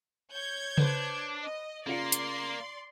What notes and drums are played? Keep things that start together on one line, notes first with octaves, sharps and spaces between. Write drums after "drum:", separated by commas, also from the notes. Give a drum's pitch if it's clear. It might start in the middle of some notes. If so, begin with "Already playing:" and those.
C#5 G6 G#6
D4 B4 C5, drum: tom C#3
D#5
C#3 A#3 F4 D5 C6 C#7
drum: hi-hat